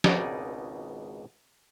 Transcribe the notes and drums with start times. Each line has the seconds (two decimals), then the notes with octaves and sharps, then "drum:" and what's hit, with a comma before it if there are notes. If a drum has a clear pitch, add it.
0.04 G#1 C#2 B2 D#4 D5 G#5, drum: snare